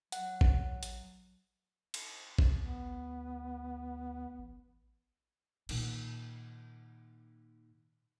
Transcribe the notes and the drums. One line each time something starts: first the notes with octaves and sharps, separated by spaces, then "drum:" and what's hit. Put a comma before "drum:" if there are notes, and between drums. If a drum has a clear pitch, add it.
F#3 F#5, drum: hi-hat
drum: kick A1
drum: hi-hat
drum: cymbal
F2, drum: kick A1
D2 B3
A1
A#2 D#3, drum: cymbal